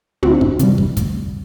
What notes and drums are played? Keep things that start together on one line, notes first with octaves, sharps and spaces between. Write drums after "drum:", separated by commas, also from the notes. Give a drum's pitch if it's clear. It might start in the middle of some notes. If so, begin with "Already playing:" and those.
D2 C4, drum: tom
drum: kick
C3 E3 G3, drum: hi-hat
drum: kick
D2, drum: kick, hi-hat